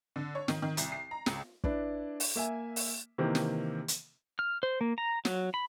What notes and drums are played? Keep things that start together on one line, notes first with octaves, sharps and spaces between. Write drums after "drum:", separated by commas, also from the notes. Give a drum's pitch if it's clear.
D3
C#5
D#3, drum: snare
D#3
C2, drum: hi-hat
C7
A#5
C#2, drum: snare
D4 E4 B4 D5, drum: kick
drum: open hi-hat
A#3 E5 G#5
drum: open hi-hat
C3 D#3 E3 A#3
drum: snare
drum: hi-hat
F6
C5
A#3
A#5
F#3, drum: snare
B5